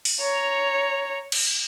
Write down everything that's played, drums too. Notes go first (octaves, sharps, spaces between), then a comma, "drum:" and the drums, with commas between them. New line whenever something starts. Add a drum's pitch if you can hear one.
drum: open hi-hat
C#5 A#5
drum: cymbal